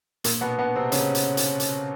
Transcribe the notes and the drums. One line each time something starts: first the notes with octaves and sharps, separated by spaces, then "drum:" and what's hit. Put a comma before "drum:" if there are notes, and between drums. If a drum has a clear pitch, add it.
A#2 A#3, drum: hi-hat
B2 B3
B2 B3
C3 C4
C#3 C#4, drum: hi-hat
drum: hi-hat
drum: hi-hat
drum: hi-hat